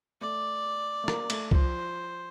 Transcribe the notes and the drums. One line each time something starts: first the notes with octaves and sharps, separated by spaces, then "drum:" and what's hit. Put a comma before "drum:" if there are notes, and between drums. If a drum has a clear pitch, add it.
A3 D5
A3
A#3, drum: rim click
A3, drum: cymbal
F3 C5, drum: kick C2